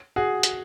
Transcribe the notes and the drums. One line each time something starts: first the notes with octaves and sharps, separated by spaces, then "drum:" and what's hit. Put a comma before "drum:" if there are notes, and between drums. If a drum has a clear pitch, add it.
F#4 G#4
drum: hi-hat